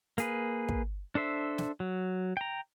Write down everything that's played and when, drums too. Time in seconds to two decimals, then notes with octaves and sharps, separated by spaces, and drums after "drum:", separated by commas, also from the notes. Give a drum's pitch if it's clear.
0.18 A#3 G#4 B4, drum: hi-hat
0.69 drum: kick
1.15 D4 A4 C5 E5
1.58 drum: snare
1.80 F#3
2.37 G5 A#5